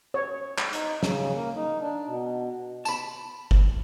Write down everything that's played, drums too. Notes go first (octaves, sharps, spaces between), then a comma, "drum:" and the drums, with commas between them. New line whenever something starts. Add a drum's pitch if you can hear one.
C#5
drum: clap
D#4, drum: hi-hat
C#3, drum: snare
A#3
D#4
D4
B2
A5 B5, drum: tambourine
drum: kick G1